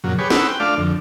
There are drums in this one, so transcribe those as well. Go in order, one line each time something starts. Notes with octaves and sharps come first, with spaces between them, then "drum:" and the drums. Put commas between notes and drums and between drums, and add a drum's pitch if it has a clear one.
F#2 A#2 C#3 F#3
G4 G#4 B4 C#5
C#4 B4 F#5 C6 D#6 E6, drum: snare
G5
A3 D4 F4 D5 F5
F2 D3